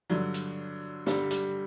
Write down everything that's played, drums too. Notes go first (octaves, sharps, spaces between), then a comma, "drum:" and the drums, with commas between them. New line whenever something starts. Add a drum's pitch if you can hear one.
G2 D3 F#3
drum: hi-hat
G2 D3 G3, drum: snare
G3, drum: hi-hat